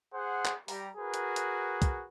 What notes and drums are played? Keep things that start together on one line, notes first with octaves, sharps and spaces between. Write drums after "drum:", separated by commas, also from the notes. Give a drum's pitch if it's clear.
G#4 C5 F#5
drum: clap
G3 G4 A#5, drum: open hi-hat
F#4 G#4 A#4 B4
drum: hi-hat
drum: hi-hat
drum: kick, hi-hat